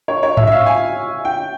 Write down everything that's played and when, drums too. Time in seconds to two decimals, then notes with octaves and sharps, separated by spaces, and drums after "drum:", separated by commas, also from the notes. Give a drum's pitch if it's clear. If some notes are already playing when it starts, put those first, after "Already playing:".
0.08 C#5
0.23 C#5
0.37 E5, drum: tom G#2
0.47 E5
0.52 F5
0.66 G#5
1.25 G5